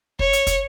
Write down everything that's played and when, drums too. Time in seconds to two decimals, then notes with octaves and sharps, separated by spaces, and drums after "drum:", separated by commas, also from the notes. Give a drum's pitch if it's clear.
0.19 C#5, drum: kick
0.33 drum: hi-hat
0.47 drum: kick, hi-hat